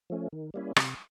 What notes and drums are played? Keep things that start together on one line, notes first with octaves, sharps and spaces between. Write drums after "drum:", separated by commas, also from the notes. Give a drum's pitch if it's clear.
F3 A3 C#4
D#3
G3 A#3 C#4 E4
C3, drum: rim click